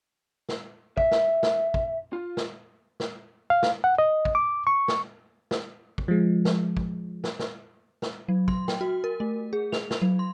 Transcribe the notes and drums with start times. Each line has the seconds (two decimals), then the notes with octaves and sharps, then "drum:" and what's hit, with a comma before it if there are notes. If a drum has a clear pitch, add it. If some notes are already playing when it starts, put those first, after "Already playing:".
0.49 drum: snare
0.97 E5, drum: kick
1.11 drum: snare
1.43 drum: snare
1.74 drum: kick
2.13 F4
2.37 drum: snare
3.00 drum: snare
3.50 F5
3.63 drum: snare
3.84 F#5
3.98 D#5
4.25 drum: kick
4.35 D6
4.67 C#6
4.88 drum: snare
5.51 drum: snare
5.98 drum: kick
6.08 F3 G#3
6.45 drum: snare
6.77 drum: kick
7.24 drum: snare
7.39 drum: snare
8.02 drum: snare
8.28 F#3
8.48 C6, drum: kick
8.68 G5, drum: snare
8.81 F#4
9.04 A#4
9.20 A3
9.53 G#4
9.72 F7, drum: snare
9.91 drum: snare
10.02 F#3
10.19 C6